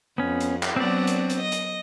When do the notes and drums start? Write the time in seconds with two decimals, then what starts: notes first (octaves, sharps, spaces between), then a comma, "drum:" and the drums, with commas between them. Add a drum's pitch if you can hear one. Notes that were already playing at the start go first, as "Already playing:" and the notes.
0.18 F2 B3 C#4
0.40 drum: hi-hat
0.63 drum: clap
0.76 F#3 B3 C4 D4 D5
1.07 drum: hi-hat
1.30 drum: hi-hat
1.41 D#5
1.52 drum: hi-hat